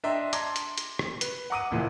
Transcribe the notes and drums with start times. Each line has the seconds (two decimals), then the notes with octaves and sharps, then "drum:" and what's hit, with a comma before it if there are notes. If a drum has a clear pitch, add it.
0.04 D4 D#5 E5 G5 A#5 C6
0.33 A5 A#5 C6 D6 G#6, drum: hi-hat
0.56 drum: hi-hat
0.78 drum: hi-hat
0.99 drum: rim click
1.21 B4, drum: hi-hat
1.50 F#5 A#5 D6 D#6 D#7
1.71 F#1 A#2 E3 F3